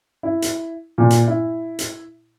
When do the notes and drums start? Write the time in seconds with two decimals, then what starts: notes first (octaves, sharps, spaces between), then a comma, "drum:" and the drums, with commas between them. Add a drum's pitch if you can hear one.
0.23 E4
0.42 drum: hi-hat
0.98 A#2
1.10 drum: hi-hat
1.27 E4
1.79 drum: hi-hat